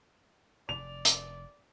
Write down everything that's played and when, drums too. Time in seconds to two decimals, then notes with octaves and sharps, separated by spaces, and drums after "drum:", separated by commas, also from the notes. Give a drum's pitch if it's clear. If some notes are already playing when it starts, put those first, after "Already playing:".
0.69 F1 D5 F7
1.05 drum: hi-hat